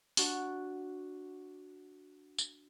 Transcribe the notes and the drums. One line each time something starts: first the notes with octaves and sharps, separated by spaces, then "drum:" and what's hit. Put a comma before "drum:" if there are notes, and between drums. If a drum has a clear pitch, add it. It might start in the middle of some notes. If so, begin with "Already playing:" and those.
D4 F#4, drum: open hi-hat
drum: tambourine